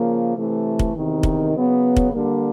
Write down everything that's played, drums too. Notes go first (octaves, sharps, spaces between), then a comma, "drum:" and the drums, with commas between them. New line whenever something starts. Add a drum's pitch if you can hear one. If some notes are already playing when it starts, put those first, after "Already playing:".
Already playing: C#3 F3 A#3
C3 E3 A3
drum: kick
E2 C3 D#3
drum: kick
C#3 F#3 B3
drum: kick
D3 G3 A#3